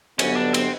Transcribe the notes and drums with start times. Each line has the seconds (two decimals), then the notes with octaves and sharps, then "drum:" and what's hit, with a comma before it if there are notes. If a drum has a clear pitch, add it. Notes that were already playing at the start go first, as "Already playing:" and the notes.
0.19 G2 D3 F#3 B3 C#4, drum: cymbal
0.36 D4
0.54 C4, drum: cymbal